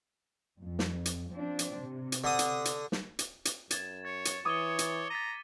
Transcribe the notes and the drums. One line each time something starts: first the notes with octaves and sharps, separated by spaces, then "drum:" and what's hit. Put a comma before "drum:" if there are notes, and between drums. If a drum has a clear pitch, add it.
F2
drum: snare
drum: hi-hat
F3 C4 D4
drum: hi-hat
C3
drum: hi-hat
D3 D#6
drum: hi-hat
drum: hi-hat
drum: snare
drum: hi-hat
drum: hi-hat
F#2 G#6 A6 E7, drum: hi-hat
C#5 A6 C#7
drum: hi-hat
E3 C#5 D6 D#6 G7
drum: hi-hat
A#5 A6 B6 D#7